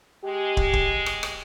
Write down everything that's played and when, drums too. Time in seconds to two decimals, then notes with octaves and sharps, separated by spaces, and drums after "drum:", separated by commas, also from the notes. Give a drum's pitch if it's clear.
0.24 G#3 G4
0.57 drum: kick
0.73 drum: kick
1.06 drum: rim click
1.23 drum: rim click